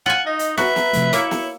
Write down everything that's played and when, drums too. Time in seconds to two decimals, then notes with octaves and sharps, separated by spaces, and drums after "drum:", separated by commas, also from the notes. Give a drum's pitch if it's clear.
0.06 F4 F#5 G#5
0.27 D#4 D#5
0.39 drum: hi-hat
0.58 F#4 B4 E5 A#5, drum: snare
0.76 drum: snare
0.93 C3 F3 A3, drum: hi-hat
1.13 A#3 E4 A#4 C#5 E6 C#7, drum: hi-hat
1.31 drum: snare